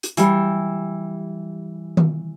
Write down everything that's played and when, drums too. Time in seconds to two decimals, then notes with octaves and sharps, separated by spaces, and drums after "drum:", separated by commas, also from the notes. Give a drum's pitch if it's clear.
0.03 drum: hi-hat
0.17 E3 G3, drum: hi-hat
1.97 drum: tom D#3